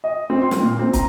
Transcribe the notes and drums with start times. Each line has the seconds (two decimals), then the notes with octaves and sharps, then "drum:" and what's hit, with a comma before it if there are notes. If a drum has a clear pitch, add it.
0.04 D#5
0.30 C4
0.42 C6
0.51 drum: snare
0.62 A#2
0.79 C4
0.93 A#5, drum: kick, hi-hat